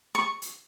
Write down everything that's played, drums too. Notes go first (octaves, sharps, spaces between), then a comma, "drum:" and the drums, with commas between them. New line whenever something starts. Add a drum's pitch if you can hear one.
C#6
drum: hi-hat